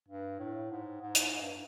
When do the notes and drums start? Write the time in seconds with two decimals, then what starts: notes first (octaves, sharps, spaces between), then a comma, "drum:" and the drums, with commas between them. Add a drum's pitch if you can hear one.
0.08 G2
0.39 A2
0.71 G#2
1.02 G#2
1.15 drum: hi-hat
1.33 G#2
1.41 G2